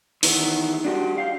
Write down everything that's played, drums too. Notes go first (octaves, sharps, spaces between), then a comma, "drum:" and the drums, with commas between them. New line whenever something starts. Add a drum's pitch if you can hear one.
D#3 E3 B3, drum: open hi-hat
D4 F#4 G4
F5 G5